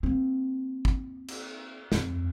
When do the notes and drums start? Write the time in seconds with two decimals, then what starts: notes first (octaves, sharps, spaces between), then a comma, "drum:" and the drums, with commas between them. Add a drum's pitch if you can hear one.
0.03 A#3 C4
0.85 drum: kick
1.28 drum: cymbal
1.92 F2, drum: snare